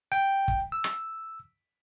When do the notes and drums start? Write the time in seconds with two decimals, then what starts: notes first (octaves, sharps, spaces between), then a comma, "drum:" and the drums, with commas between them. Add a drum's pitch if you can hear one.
0.12 G5
0.48 drum: kick
0.72 E6
0.84 drum: rim click